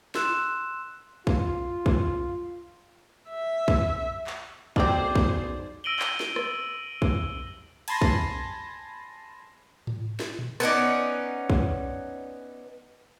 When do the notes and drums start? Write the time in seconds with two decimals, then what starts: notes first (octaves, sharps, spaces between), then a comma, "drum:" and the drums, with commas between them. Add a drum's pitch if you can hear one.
0.15 C6 E6 F#6 E7, drum: snare
1.27 F4, drum: kick
1.86 drum: kick
3.30 E5
3.68 drum: kick
4.27 drum: clap
4.76 B1 D3 A3 C4 G#4 C5 D5, drum: kick
5.15 drum: kick
5.84 E6 A#6 D7 D#7 F#7 G7
5.99 drum: clap
6.20 drum: snare
6.36 drum: rim click
7.02 drum: kick
7.88 G#5 A5 B5 C6 A6 A#6, drum: cymbal
8.02 drum: kick
9.87 drum: tom G#2
10.19 drum: snare
10.39 drum: tom A#2
10.60 B3 C#4 D#4 D5, drum: rim click
11.50 drum: kick